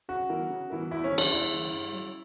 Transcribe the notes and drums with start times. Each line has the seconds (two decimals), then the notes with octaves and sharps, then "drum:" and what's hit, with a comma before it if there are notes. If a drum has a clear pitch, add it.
0.09 C#3 F#4
0.29 E3 B3 E4 A#4
0.50 C#3
0.70 E3 B3 E4 A#4
0.91 E2 E4
1.04 C#4
1.11 C#3 E3 A#3
1.18 D4, drum: cymbal
1.32 E2 E4
1.52 C#3 E3 A#3
1.72 G2
1.93 F#3 C#4 F#4